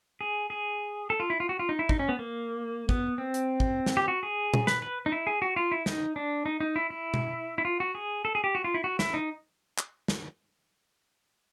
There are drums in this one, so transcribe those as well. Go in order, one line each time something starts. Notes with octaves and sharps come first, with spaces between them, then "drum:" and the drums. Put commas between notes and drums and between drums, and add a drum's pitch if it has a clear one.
G#4
G#4
A4
F4
E4
F4
F#4
F4
D#4
E4
D#4, drum: kick
C#4
B3
A#3
B3, drum: kick
C4
drum: hi-hat
drum: kick
drum: snare
G4
F#4
G#4
drum: tom A#2
B4, drum: snare
B4
D#4
E4
G#4
F#4
F4
E4
D#4, drum: snare
D4
D#4
D#4
E4
E4
drum: tom B2
E4
F4
F#4
G#4
A4
G#4
G4
F#4
F4
E4
F#4
E4, drum: snare
D#4
drum: clap
drum: snare